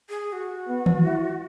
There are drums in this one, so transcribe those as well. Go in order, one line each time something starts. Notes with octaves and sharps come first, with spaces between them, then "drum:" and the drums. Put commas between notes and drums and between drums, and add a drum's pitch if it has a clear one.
G#4
F#4
B3
drum: tom D#3
E4